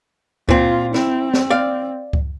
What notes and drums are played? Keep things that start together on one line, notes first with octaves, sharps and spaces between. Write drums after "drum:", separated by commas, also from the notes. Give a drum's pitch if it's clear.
A#2 C4 F4, drum: kick C#2
C4 E4, drum: snare
drum: snare
D5 F5
drum: kick C#2